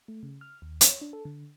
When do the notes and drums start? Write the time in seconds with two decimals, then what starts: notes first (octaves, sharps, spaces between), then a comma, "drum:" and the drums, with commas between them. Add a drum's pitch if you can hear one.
0.08 A3
0.23 C#3
0.41 F6
0.62 D#2
0.81 C#5, drum: hi-hat
1.01 D4
1.13 A4
1.25 D3